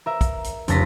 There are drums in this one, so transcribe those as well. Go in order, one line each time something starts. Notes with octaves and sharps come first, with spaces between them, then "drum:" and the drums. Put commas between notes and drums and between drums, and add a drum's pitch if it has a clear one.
A#4 E5
drum: kick, hi-hat
drum: hi-hat
F1 C#2 A5 A#6 B6, drum: hi-hat